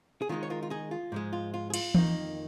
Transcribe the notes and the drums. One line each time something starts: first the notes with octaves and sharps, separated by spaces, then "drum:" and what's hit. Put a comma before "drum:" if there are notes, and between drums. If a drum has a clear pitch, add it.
G#4
D#3 G#3 D#4 F4
C#5
F4 A#4
F4
D#4 G#4
F4
G#2 F3 G#3
F4
F4
G#4
F4, drum: cymbal
F2 D#3 A#3 D#4, drum: tom E3